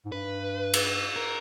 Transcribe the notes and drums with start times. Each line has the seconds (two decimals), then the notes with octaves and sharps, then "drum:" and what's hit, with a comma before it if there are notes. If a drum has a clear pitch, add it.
0.05 G#2
0.12 G2 B4
0.74 drum: cymbal
1.16 A#4